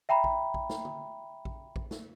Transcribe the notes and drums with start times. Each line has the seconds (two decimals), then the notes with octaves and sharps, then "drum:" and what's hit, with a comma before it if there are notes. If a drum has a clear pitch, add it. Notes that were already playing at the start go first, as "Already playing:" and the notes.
0.09 E5 G5 A#5 B5
0.24 drum: kick A#1
0.54 drum: kick A#1
0.70 drum: snare
0.85 drum: tom D3
1.45 drum: kick A#1
1.76 drum: kick A#1
1.91 drum: snare